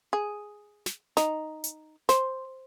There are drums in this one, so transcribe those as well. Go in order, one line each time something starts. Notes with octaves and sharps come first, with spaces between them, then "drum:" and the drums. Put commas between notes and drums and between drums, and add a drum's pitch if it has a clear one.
G#4
drum: snare
D#4, drum: snare
drum: hi-hat
C5, drum: snare